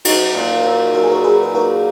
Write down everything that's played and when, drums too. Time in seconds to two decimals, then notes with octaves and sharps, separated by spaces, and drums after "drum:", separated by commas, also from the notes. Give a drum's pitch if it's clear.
0.05 F#3 D#4 F#4, drum: cymbal
0.35 A#2
0.64 F#3
0.94 F#3 A#4
1.03 G#4
1.12 F#4 A#4
1.24 F#3 G#4 B4
1.43 B4
1.54 A#3 F#4 A#4